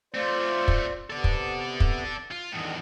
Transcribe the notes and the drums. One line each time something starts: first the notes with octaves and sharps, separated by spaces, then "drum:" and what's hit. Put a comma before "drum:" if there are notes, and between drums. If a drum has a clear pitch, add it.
A3 C4 F4 C5 D5
drum: kick
C3 B3 A4 D5
drum: kick
drum: kick
F4
E2 A2 D3 D#3 D#5